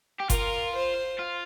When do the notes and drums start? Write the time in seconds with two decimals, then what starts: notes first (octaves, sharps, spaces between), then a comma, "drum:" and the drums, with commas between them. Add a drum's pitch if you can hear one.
0.20 G4
0.30 F4 A#4, drum: kick G1, hi-hat
0.75 C5
1.19 F4